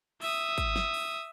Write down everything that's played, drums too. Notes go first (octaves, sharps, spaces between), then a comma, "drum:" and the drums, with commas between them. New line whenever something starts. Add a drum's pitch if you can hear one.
E5 D#6, drum: open hi-hat
drum: kick G#1, hi-hat
drum: snare
drum: open hi-hat